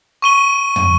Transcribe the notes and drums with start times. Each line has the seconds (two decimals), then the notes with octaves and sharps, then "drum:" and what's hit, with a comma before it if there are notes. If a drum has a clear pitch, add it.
0.22 C#6 D#7 G7
0.76 drum: tom